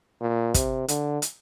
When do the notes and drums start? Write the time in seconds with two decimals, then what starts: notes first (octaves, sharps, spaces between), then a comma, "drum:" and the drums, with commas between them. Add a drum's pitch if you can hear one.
0.21 A#2
0.54 C3, drum: kick, hi-hat
0.88 D3, drum: hi-hat
1.22 drum: hi-hat